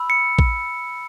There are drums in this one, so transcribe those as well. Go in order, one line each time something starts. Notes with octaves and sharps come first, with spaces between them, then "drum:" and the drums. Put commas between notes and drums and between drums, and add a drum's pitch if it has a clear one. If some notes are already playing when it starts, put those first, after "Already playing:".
Already playing: B5 E6
C#7
drum: kick A#1